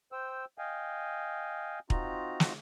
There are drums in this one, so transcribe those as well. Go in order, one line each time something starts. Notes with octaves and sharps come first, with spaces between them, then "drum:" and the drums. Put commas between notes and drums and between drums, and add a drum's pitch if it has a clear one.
C5 G5 E6
D#5 F5 G5 G#5
C4 D#4 F4 F#4 A#5, drum: kick
drum: snare